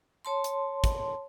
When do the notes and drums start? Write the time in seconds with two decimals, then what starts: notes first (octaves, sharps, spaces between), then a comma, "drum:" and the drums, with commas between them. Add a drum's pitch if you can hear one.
0.25 C#5 A5 C6
0.44 drum: hi-hat
0.84 drum: kick, hi-hat